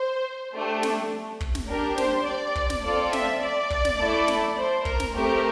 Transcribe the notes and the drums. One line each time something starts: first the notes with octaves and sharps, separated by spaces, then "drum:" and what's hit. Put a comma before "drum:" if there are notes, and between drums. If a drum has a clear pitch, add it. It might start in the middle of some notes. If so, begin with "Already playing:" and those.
Already playing: C5
A3 D4 G4
drum: snare
drum: kick
drum: snare
D4 G4 A#4
C5, drum: snare
D5
drum: kick
drum: snare
C4 F4 A4 D5
E5, drum: snare
D5
drum: kick
drum: snare
A3 E4 A4
drum: snare
C5
A#4, drum: kick
drum: snare
A3 C4 G4 A#4